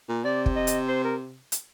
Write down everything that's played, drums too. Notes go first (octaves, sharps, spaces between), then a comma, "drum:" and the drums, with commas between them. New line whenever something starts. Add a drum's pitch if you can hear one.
A#2
C3 D5
drum: kick
D#5
drum: hi-hat
C5
A#4
drum: hi-hat